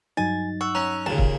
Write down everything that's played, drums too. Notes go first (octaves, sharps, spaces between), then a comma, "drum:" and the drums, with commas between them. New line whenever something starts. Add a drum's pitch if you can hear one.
G2 F#3 D#4 G#5 A6
F#5 C#6 E6
C#4 A#5 F#6
D#2 A#2 C#3 A5
drum: kick